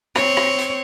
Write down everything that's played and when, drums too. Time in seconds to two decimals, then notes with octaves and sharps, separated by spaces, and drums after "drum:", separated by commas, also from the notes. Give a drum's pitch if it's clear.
0.16 C4 C#5, drum: rim click
0.37 drum: rim click
0.58 drum: hi-hat